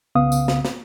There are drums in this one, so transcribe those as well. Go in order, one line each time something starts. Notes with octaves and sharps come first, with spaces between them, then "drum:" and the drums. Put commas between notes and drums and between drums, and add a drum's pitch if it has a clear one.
C2 C#3 B3 F5 D#6
drum: tambourine
drum: snare
drum: snare